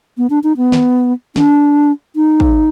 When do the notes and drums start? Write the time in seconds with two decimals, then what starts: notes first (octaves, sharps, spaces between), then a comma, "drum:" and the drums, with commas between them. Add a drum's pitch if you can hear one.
0.18 B3
0.30 D4
0.44 D#4
0.57 B3
0.72 drum: snare
1.36 D4, drum: snare
2.16 D#4
2.40 drum: kick